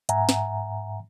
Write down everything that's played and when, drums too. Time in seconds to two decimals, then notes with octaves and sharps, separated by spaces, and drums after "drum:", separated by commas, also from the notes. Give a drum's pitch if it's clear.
0.09 G#2 E5 F#5 G#5 A#5, drum: hi-hat
0.29 drum: snare